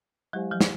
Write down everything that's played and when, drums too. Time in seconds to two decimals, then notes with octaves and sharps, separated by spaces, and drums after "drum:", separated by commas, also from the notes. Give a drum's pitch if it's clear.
0.33 F#3 G#3 E4 G4 C5 F5 G#5
0.51 F3 G3
0.61 drum: snare